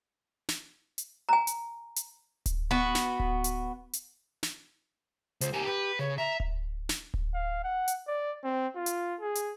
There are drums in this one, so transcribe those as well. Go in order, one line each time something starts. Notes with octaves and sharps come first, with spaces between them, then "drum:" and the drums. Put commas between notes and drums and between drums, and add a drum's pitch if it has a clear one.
drum: snare
drum: hi-hat
G#5 A#5
drum: hi-hat
drum: hi-hat
drum: kick D1, hi-hat
B3 F#4
drum: snare
drum: kick D1
drum: hi-hat
drum: hi-hat
drum: snare
C#2 C5, drum: hi-hat
G4 A#4 G#5
G4 B4
C#3 C#5
E5 A#5
drum: kick D1
drum: snare
drum: kick D1
F5
F#5
drum: hi-hat
D5
C4
F4
drum: hi-hat
G#4
drum: hi-hat